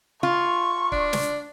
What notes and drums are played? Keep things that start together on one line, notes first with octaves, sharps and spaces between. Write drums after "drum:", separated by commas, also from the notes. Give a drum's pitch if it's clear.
F4 C#6
D4, drum: kick
drum: snare